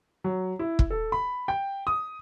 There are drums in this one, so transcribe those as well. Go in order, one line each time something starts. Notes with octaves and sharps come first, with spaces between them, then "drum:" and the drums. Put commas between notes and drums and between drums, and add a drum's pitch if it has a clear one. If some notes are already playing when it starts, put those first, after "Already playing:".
F#3
E4
drum: kick
A4
B5
G5
D#6